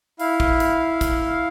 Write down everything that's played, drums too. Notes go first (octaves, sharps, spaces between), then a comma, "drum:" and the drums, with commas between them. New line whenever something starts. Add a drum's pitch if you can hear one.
E4 F5, drum: open hi-hat
drum: kick
drum: hi-hat
drum: kick, hi-hat